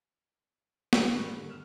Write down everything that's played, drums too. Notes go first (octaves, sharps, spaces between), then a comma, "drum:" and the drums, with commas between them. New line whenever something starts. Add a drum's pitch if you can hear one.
E4 G4, drum: snare
A1 E2 G2 A#4 C#6 F#6
D#2 D3
F6 E7